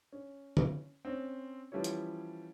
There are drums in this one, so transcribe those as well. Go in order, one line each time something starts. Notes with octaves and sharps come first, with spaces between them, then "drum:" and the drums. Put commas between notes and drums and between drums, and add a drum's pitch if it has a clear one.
C#4
drum: tom
C4 C#4
E3 F3 G3 C#4 E4 C#5
drum: hi-hat